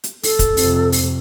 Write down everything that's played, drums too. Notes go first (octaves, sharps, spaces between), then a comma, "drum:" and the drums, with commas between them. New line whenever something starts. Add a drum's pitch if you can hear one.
drum: hi-hat
A4, drum: open hi-hat
drum: kick, hi-hat
F2 C3, drum: open hi-hat
drum: open hi-hat